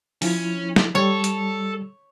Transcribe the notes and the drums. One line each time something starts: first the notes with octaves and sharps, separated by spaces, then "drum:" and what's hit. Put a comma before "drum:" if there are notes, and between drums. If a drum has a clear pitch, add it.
F3 C#4 E4, drum: open hi-hat
drum: snare
G3 A4 C#5
drum: hi-hat